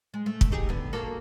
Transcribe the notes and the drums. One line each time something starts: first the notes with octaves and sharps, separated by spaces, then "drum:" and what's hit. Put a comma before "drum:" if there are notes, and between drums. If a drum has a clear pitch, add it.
G#3
A3
drum: kick
D#4 G4 G#4
D3 B3
A#3 F#4 A4